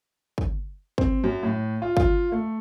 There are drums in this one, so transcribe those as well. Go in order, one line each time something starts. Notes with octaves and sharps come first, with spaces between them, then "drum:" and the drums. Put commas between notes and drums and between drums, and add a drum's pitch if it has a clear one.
drum: kick
C4, drum: kick
F#2
A2
F4
F4, drum: kick
A3